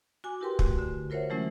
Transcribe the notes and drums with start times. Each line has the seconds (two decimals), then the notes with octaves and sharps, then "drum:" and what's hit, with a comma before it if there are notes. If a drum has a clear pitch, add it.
0.24 F#4 G#5 D6
0.41 E4 G4 A#4 B4 G5 C6
0.59 A3 F#4, drum: kick
0.79 D3
1.10 F4 A#4 C5 C#5 E5 F#5
1.30 E3 F#3 G#3 A3 C#4 E4